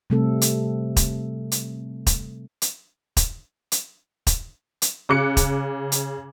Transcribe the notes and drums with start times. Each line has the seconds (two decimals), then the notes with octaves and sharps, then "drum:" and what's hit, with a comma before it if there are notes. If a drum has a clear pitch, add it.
0.10 C3 G3 A3 C4 A4
0.41 drum: hi-hat
0.97 drum: kick, hi-hat
1.52 drum: hi-hat
2.07 drum: kick, hi-hat
2.62 drum: hi-hat
3.17 drum: kick, hi-hat
3.72 drum: hi-hat
4.27 drum: kick, hi-hat
4.82 drum: hi-hat
5.09 C#3 D6 F#6 C#7
5.37 drum: kick, hi-hat
5.92 drum: hi-hat